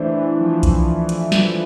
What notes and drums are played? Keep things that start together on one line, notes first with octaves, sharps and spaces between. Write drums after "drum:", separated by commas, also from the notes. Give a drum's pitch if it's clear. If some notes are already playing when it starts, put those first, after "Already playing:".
Already playing: E3 A3 D4 C5
F3
drum: kick, hi-hat
drum: hi-hat
drum: snare